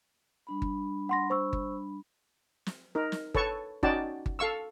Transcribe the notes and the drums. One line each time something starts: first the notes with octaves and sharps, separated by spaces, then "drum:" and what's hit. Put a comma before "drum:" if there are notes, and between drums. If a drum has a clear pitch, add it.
G3 D4 B5
drum: kick G1
F#5 C6 A#6
C5 C#6 E6
drum: kick G1
drum: snare
D#4 A#4
drum: snare
A4 B4 C#5 A5 C#6, drum: kick G1
C#4 D#4 F#4 D5 G5 A5, drum: kick G1
drum: kick G1
A4 F5 C#6 E6